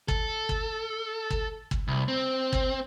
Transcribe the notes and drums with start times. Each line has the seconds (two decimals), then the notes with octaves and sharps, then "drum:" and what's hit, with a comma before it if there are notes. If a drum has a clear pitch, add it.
0.08 A4, drum: kick
0.49 drum: kick
1.30 drum: kick
1.71 drum: kick
1.88 C2
2.08 C4
2.53 drum: kick